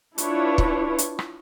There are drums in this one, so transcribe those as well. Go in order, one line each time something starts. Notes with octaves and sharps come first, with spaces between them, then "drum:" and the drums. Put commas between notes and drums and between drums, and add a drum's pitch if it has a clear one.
D4 E4 F4 B4 C#5, drum: hi-hat
drum: kick
drum: hi-hat
drum: rim click